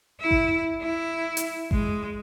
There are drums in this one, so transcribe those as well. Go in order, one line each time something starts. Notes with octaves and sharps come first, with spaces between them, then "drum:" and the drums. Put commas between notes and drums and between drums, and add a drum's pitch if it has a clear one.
E4
drum: kick G#1
E4
drum: hi-hat
G#3, drum: kick G#1